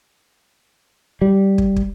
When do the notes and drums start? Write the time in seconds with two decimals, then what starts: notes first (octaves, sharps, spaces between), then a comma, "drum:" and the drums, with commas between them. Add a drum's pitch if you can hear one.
1.21 G3
1.58 drum: kick
1.76 drum: kick